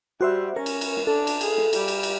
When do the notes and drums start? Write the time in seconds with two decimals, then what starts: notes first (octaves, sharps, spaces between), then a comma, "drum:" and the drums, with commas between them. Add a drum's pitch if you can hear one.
0.21 G3 F#4 C5 E5
0.56 C#4 A#4
0.66 drum: cymbal
0.81 drum: cymbal
0.97 drum: snare
1.07 D4 A4
1.27 drum: cymbal
1.41 G#4, drum: cymbal
1.58 drum: snare
1.73 G3, drum: cymbal
1.88 drum: cymbal
2.03 drum: cymbal